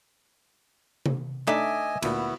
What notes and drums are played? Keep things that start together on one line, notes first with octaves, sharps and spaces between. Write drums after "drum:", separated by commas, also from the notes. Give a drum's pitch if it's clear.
drum: tom C3
A3 D4 D#4 D#5 E5 G#5 D6, drum: clap
D2 A#2 B3 E4 F#4, drum: cymbal